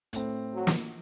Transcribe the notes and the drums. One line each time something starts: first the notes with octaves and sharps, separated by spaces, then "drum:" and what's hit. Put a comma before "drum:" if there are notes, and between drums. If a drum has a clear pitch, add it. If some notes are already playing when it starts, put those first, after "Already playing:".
A2 A3 C4, drum: hi-hat
F#3
drum: snare